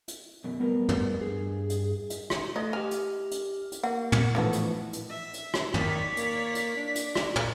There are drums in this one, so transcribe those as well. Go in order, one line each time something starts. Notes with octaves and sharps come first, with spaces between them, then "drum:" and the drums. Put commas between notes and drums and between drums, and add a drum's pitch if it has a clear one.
drum: hi-hat
F#2 B2
A2 G3 B3 A#4
drum: tom
G2 G#4
drum: hi-hat
drum: hi-hat
drum: rim click
A3 D#5
G4 G#5 F6
drum: hi-hat
drum: hi-hat
drum: hi-hat
A#3 F#5
drum: tom
A2 D3 E3 F3 B3 F#4
drum: hi-hat
drum: hi-hat
E5
drum: hi-hat
drum: rim click
D#3 C#5 D5 B6, drum: tom
A#3, drum: hi-hat
drum: hi-hat
D4
drum: hi-hat
drum: rim click
drum: tom